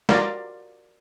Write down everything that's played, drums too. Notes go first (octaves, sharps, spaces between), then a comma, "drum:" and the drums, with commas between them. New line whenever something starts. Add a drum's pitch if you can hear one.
F4 F#4 A#4 D5 F5, drum: snare